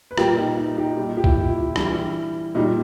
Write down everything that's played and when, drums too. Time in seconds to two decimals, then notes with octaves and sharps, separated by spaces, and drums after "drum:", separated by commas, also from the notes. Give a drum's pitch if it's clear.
0.11 B4
0.18 A#2 G3 G4 A#4, drum: rim click
0.38 D#4
0.57 D#4
0.77 D#4 G4
0.97 A#2 G3
1.17 G4
1.24 E4, drum: kick C2
1.50 E4
1.76 G2 E3 G3 E4, drum: rim click
2.55 A#2 G3 D#4